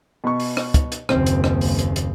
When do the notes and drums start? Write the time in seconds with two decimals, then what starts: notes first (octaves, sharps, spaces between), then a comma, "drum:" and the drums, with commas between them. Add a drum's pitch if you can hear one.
0.24 B2 C#6
0.40 drum: open hi-hat
0.57 drum: rim click
0.74 drum: kick, hi-hat
0.92 drum: hi-hat
1.09 F#1 D#2 C4, drum: rim click
1.26 drum: hi-hat
1.44 drum: rim click
1.61 drum: open hi-hat
1.79 drum: hi-hat
1.96 drum: hi-hat